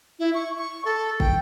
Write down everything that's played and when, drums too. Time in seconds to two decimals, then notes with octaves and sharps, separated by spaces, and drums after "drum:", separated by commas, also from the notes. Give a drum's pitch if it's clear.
0.19 E4
0.34 C#6
0.58 C#6
0.85 A4
1.20 G5, drum: kick